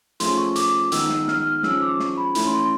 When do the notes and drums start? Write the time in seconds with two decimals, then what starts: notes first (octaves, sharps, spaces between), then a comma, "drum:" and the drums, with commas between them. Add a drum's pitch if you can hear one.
0.20 F3 A3 C#4 F4 G#4 C6, drum: hi-hat
0.38 C#6
0.56 D6, drum: hi-hat
0.92 D#3 G#3 B3 D#4 E6, drum: hi-hat
1.09 drum: snare
1.28 F6, drum: snare
1.46 F6
1.63 F3 G#3 C#4 E6, drum: snare
1.82 D6
2.00 C#6, drum: snare
2.17 B5
2.35 E3 A3 C#4 B5, drum: hi-hat
2.47 C6
2.58 C6